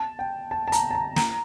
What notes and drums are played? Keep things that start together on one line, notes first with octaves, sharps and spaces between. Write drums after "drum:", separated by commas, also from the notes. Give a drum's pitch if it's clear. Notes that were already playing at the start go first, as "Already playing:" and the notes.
Already playing: A5
G5
A5
A5
A#5, drum: hi-hat
A5
A#5
A#5, drum: snare